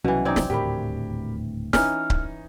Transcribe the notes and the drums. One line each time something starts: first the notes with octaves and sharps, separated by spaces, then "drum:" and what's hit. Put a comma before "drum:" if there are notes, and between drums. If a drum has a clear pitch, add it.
C2 B2 E3 F#3 C#4 F#5
C4 D#4 D5 G#6
drum: snare
D#1 D2 A2 G4 A#4 B5
E3 C#4 D#4 F6, drum: snare
drum: kick C#1